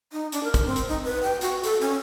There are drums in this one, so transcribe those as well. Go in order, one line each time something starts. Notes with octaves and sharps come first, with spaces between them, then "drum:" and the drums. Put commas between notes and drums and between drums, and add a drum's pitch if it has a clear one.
D#4
D4, drum: hi-hat
A#4
drum: kick, hi-hat
C4
drum: hi-hat
D#4
B4
G5
F#4, drum: hi-hat
A4, drum: hi-hat
C#4